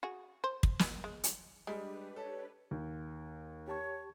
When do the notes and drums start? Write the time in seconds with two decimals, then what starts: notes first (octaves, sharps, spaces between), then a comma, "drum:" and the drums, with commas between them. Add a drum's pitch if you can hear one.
0.03 F#4 G#4
0.44 C5
0.63 drum: kick
0.79 drum: snare
1.04 G#3
1.24 drum: hi-hat
1.67 G3 G#3 D4 G4 B4
2.16 A4 C#5
2.71 D#2
3.68 G4 C#5 A5 C#6